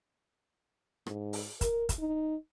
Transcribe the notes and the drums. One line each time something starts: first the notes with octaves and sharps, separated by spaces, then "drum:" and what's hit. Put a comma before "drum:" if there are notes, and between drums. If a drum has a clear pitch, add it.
G#2, drum: rim click
drum: open hi-hat
A#4, drum: kick, hi-hat
drum: kick, hi-hat
D#4